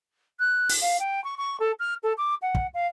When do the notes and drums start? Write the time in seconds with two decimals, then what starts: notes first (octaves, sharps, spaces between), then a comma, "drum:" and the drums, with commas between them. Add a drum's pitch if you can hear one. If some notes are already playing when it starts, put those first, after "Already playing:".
0.40 F#6
0.70 drum: open hi-hat
0.81 F5
1.00 G5
1.24 C#6
1.38 C#6
1.60 A4
1.79 F6
2.03 A4
2.18 D6
2.42 F#5
2.55 drum: kick
2.74 F5